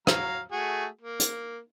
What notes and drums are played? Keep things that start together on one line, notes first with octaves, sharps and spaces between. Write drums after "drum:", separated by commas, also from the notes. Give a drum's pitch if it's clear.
F#3 F5 A#5, drum: rim click
A3 F#4 G#4
A#3
drum: hi-hat